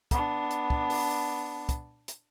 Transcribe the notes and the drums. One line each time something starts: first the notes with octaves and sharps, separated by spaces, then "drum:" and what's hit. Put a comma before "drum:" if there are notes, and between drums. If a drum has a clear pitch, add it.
B3 D4, drum: kick, hi-hat
drum: hi-hat
drum: kick
drum: open hi-hat
drum: kick, hi-hat
drum: hi-hat